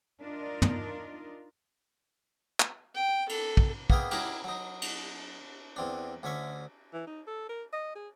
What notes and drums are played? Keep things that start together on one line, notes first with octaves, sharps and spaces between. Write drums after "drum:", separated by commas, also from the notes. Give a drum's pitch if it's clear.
D4 D#4 F4 A#4 D5 D#5
drum: tom
drum: clap
G5
A4, drum: cymbal
drum: kick
A#3 B3 G#4 E5 F5 G5, drum: kick
C#4 D#4 E4 F#4 G4 A#4, drum: cymbal
F#3 D#4
drum: cymbal
E2 C4 D4
D2 D3 C#4 E5 C#6
E3
D#4
A4
A#4
D#5
G#4